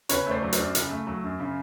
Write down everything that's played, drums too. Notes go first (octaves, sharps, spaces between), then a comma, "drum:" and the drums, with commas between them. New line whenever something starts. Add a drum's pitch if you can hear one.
C#3 B4 C#5, drum: hi-hat
A3 C5 D5
F#3
C5 D5, drum: hi-hat
F#2
C#3, drum: hi-hat
A3
F#3
F#2
C#3